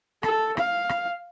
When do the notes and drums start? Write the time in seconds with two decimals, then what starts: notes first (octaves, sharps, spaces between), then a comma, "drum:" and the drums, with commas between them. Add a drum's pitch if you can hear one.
0.23 A4, drum: rim click
0.57 F5, drum: rim click
0.89 drum: rim click